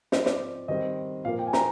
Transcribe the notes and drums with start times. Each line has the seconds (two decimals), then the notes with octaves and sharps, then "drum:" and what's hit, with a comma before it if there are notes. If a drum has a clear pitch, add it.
0.12 F3 C4 D#5, drum: snare
0.26 D5, drum: snare
0.68 D#3 G3 C4 D#5
1.25 A#2 F3 A#3 F5
1.39 G5
1.47 G#5
1.53 A#5, drum: snare